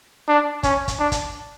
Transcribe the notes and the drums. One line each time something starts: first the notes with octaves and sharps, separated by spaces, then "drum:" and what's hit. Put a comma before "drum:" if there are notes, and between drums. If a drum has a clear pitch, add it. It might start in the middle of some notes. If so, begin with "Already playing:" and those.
D4
C#4, drum: kick, hi-hat
drum: kick, hi-hat
D4
drum: kick, hi-hat